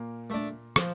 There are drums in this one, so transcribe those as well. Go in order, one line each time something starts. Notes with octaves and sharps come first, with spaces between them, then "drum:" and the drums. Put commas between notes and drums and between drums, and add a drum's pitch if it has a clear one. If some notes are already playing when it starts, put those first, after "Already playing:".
Already playing: A#2 A#3
A3 D4
F3, drum: rim click